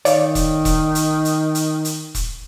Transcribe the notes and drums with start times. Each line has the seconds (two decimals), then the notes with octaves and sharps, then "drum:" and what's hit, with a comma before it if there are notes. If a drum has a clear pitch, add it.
0.05 D#3 C#5 D5 F5, drum: hi-hat
0.35 drum: kick E1, hi-hat
0.65 drum: kick E1, hi-hat
0.95 drum: hi-hat
1.25 drum: hi-hat
1.55 drum: hi-hat
1.85 drum: hi-hat
2.15 drum: kick E1, hi-hat